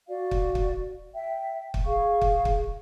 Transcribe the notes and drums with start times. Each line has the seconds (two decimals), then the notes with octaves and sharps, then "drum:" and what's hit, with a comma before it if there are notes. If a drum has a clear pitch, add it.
0.08 F#4 D5 F5
0.31 drum: kick
0.55 drum: kick
1.14 E5 G5
1.74 drum: kick
1.84 G#4 F5 C#6
2.22 drum: kick
2.45 drum: kick